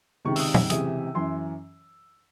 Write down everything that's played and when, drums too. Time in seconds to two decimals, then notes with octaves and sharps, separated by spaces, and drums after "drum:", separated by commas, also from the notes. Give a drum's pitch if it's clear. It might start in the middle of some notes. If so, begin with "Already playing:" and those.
0.25 C#2 C3 D#3 C#6
0.36 E6, drum: open hi-hat
0.40 D#6
0.54 E6, drum: tom
0.70 C#2 C3 E3 D#6, drum: hi-hat
1.14 F#2 E3 C6